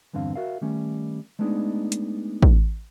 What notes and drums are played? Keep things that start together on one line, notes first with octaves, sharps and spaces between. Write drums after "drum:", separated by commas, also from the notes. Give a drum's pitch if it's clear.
E2 G2 D3 C4 F5
F#4 A#4 E5 F5
D#3 G3 A3 C#4
G#3 A3 B3 D4 D#4 G#4
drum: hi-hat
drum: kick